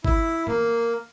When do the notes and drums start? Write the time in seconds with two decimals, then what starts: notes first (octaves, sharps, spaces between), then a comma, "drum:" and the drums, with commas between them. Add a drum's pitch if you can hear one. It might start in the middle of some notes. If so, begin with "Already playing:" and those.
0.05 E4, drum: kick
0.47 A#3, drum: tom G2